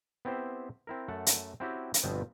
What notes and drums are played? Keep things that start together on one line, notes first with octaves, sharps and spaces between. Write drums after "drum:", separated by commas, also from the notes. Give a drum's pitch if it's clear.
B3 C4 E4 G4 C5
C4 E4 A#4
F#2 A3 F#5 A5
drum: hi-hat
C4 C#4 E4 F#4 G4
drum: hi-hat
G1 B2 F3 B3 C4